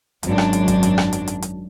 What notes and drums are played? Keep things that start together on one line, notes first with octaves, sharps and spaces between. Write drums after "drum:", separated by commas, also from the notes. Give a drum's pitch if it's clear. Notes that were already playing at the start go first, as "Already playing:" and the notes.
G#1 F#2 D4, drum: hi-hat
drum: rim click
drum: hi-hat
drum: kick, hi-hat
drum: hi-hat
drum: rim click
drum: hi-hat
drum: hi-hat
drum: hi-hat